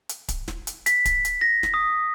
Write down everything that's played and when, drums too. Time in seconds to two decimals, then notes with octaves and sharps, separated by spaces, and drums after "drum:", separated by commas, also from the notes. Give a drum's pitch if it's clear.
0.09 drum: hi-hat
0.28 drum: kick D1, hi-hat
0.48 drum: snare
0.67 drum: hi-hat
0.86 B6, drum: hi-hat
1.05 drum: kick D1, hi-hat
1.25 drum: hi-hat
1.41 A#6
1.63 drum: snare
1.74 D#6